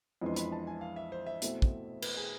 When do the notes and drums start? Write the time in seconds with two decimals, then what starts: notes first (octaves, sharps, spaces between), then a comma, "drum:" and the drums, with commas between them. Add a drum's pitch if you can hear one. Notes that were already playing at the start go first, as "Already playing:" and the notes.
0.22 F2 E3 G#3 B3 D4 C6
0.36 B5, drum: hi-hat
0.52 A5
0.67 G#5
0.81 F5
0.96 E5
1.12 C5
1.26 E5
1.42 B2 A3 C4 E4, drum: hi-hat
1.62 drum: kick
2.02 B4, drum: cymbal
2.17 G#4